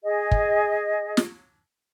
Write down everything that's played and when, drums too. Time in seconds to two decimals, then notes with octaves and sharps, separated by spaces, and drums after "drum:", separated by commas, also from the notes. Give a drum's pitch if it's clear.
0.03 G#4 D#5
0.31 drum: kick
1.17 drum: snare